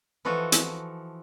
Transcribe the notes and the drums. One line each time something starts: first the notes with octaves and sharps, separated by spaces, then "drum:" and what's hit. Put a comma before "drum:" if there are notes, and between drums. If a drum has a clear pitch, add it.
E3 F3 F#4 A4 D#5
drum: hi-hat